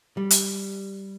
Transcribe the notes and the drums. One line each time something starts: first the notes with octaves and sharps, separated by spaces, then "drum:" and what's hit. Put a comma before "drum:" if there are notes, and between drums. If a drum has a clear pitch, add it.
G3
drum: hi-hat